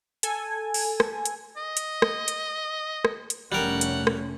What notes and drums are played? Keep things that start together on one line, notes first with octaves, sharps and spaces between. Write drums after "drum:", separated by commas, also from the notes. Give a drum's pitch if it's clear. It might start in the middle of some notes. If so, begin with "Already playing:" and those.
A4 G#5, drum: hi-hat
drum: open hi-hat
drum: rim click
drum: hi-hat
D#5
drum: hi-hat
drum: rim click
drum: hi-hat
drum: rim click
drum: hi-hat
F1 G3 A3 C#4 A#4 F#5
drum: hi-hat
drum: rim click